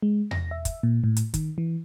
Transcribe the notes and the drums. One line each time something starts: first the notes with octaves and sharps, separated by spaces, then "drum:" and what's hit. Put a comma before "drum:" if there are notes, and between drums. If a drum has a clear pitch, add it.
G#3
A#6, drum: tom E2
E5
drum: kick, hi-hat
A#2
A2
drum: hi-hat
D#3, drum: kick, hi-hat
E3